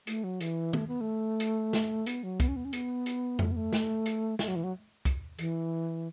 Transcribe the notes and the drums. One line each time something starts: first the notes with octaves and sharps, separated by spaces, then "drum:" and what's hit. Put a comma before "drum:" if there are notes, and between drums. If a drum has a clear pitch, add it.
A3, drum: hi-hat
F#3
E3, drum: hi-hat
A3, drum: tom
B3
A3
drum: hi-hat
drum: snare
B3, drum: hi-hat
F#3
B3, drum: kick, hi-hat
C#4
B3
C#4
B3, drum: hi-hat
drum: hi-hat
A3, drum: tom F2
B3
A3
drum: snare
drum: hi-hat
A3, drum: snare
F#3
E3
F#3
drum: kick, hi-hat
E3, drum: hi-hat